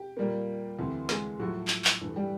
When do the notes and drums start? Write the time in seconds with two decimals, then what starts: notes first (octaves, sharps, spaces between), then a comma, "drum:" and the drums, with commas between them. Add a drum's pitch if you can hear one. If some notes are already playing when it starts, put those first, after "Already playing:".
Already playing: G4
0.17 A#2 G3 A#3
0.78 D2 C3 E3 A3
1.09 G#3 G#4, drum: snare
1.39 A2 F3 F#3 A3 F#4
1.68 drum: clap
1.85 drum: clap
2.01 G2 E3 A3
2.16 G3 G4